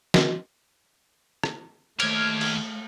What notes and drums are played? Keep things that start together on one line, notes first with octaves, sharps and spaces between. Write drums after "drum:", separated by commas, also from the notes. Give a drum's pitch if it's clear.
drum: snare
drum: rim click
D#2 A3 G4 F6 G#6, drum: cymbal
drum: cymbal